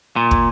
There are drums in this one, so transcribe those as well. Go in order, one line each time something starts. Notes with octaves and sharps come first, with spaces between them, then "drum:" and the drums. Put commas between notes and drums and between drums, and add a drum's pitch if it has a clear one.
A#2
drum: kick